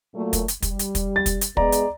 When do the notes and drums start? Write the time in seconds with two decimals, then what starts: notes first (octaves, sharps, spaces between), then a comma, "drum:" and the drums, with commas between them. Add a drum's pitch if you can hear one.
0.15 A#2 F#3 A3
0.33 drum: kick, hi-hat
0.48 drum: hi-hat
0.62 G3, drum: kick, hi-hat
0.79 drum: hi-hat
0.95 drum: kick, hi-hat
1.16 A6
1.26 drum: kick, hi-hat
1.41 drum: hi-hat
1.57 G#3 B3 G#4 D5 A#5, drum: kick
1.72 drum: hi-hat